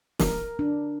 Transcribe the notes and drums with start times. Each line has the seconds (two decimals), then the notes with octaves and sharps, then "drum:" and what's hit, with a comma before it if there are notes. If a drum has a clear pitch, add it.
0.20 A#4, drum: snare
0.59 D4